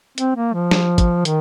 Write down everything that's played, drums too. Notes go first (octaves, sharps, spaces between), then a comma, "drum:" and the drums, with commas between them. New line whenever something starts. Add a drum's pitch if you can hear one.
C4, drum: hi-hat
A#3
F3
drum: snare
drum: kick G#1, hi-hat
D#3, drum: hi-hat